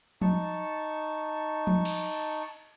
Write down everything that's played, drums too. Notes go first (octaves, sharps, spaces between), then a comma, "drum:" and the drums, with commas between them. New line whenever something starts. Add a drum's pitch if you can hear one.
D#4 A5 C#6, drum: tom F3
drum: tom F3
drum: cymbal